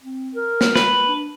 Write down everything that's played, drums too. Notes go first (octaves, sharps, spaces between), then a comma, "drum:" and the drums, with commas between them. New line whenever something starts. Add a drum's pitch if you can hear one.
C4
A#4
drum: snare
B4, drum: snare
D4